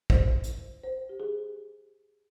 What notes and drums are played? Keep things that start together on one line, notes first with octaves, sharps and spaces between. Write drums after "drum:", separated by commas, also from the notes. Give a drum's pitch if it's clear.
C5, drum: kick
drum: hi-hat
C5
G4
G#4